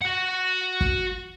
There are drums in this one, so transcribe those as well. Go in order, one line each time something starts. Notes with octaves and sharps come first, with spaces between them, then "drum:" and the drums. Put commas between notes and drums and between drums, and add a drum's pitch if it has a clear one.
F#4 F#5
drum: kick